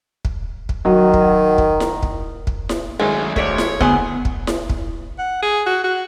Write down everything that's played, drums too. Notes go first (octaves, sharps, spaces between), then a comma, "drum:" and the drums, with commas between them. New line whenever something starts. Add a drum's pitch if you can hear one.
drum: kick
drum: kick
D#3 F#3 F#4
drum: kick
drum: kick
drum: snare E4
drum: kick
drum: kick
drum: snare E4
G#1 F#2 G#3 A3 G#5
A3 A4 C#5 D5, drum: kick
drum: snare E4
D2 B3 G#4 C5, drum: kick
drum: kick
drum: snare E4
drum: kick
F#5
G#4
F#4
F#4